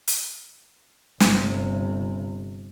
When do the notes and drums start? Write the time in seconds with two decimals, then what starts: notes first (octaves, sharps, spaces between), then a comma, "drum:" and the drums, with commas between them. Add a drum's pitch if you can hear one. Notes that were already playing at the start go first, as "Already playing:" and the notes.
0.07 drum: hi-hat
1.20 G1 C3, drum: snare